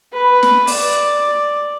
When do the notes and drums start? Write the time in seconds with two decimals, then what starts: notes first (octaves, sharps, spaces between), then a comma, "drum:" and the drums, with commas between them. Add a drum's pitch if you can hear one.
0.12 B4
0.43 drum: snare
0.67 D5, drum: open hi-hat